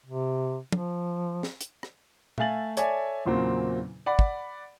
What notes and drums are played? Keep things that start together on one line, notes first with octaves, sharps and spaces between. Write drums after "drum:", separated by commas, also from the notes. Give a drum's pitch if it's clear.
C3
F3, drum: tom
drum: snare
drum: hi-hat
drum: rim click
A3 E5 F5 G#5 A6 F#7, drum: tom
A4 C#5 D5 E5 G#5, drum: hi-hat
E2 A#2 C#3 F#3 A#3 C4
D5 F#5 B5
drum: kick